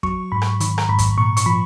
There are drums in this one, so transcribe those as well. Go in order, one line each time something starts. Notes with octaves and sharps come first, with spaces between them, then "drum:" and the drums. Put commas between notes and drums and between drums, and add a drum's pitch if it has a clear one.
F#3 C#6, drum: kick
G#2 B5
drum: rim click
D#3 B5, drum: hi-hat
A#5, drum: rim click
G#2 B5
drum: kick, hi-hat
A#2 C#6
C#6, drum: hi-hat
F3 B5